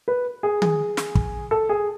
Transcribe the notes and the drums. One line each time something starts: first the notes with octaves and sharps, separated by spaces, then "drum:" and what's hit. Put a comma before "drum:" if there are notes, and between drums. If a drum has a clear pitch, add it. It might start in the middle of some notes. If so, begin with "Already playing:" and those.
B4
G#4
G#4, drum: tom D#3
drum: snare
drum: kick
A4
G#4